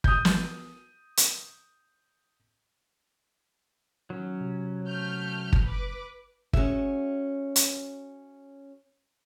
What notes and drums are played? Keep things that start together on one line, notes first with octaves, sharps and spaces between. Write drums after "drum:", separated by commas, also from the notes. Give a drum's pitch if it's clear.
D#6 G6, drum: kick
drum: snare
drum: hi-hat
D#3 F#3 C#4
C3
A3 F6 G6
drum: kick
F#1 B4 D6
C#4 F#4 G#4 E5, drum: kick
drum: hi-hat